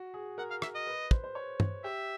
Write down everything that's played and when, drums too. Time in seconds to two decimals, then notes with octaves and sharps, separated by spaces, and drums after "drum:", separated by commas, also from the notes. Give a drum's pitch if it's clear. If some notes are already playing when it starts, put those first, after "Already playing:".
Already playing: F#4
0.14 G#4
0.38 A#4 F#5
0.50 F5
0.62 E5, drum: rim click
0.75 D#5
0.87 B4
1.11 C5, drum: kick
1.24 C5
1.35 C#5
1.60 drum: tom
1.84 G4 E5